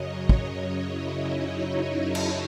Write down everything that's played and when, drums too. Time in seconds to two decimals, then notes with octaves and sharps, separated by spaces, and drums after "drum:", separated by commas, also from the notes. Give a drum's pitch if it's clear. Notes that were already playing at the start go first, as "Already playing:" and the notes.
Already playing: F#2 C#3 F#3 C#5 D#5
0.29 drum: kick
0.76 E4
1.24 D#4
1.55 E4
1.86 C#5
2.15 drum: cymbal